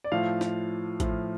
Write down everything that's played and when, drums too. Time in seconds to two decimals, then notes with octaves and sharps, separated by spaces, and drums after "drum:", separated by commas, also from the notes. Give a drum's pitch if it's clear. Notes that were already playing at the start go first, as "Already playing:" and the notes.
0.04 D5
0.12 A2 F3 F5
0.41 drum: snare
1.00 A2 F3, drum: kick A1, hi-hat